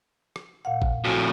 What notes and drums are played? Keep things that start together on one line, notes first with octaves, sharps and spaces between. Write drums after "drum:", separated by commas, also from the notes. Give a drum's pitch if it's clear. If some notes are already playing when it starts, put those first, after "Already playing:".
drum: rim click
A#2 F5 F#5
drum: kick G#1
F2 A2 F#4 G#5